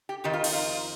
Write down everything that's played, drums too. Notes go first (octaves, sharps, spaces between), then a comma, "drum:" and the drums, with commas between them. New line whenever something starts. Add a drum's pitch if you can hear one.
G4
F2 D#3 G4
F4
D#4, drum: cymbal
F4